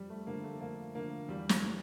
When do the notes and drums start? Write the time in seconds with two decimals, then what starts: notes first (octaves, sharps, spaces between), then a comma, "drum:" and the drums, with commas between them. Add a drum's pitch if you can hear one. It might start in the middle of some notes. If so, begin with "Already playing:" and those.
Already playing: F2 G3
0.09 A3
0.27 D3 F3 A#3
0.44 A3
0.61 F2 A#3
0.95 D3 F3 A#3
1.29 E2 G3
1.49 drum: snare
1.64 E3